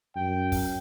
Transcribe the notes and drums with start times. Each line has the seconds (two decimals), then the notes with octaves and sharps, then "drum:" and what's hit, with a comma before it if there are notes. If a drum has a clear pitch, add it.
0.16 F#2 G5
0.52 drum: kick, open hi-hat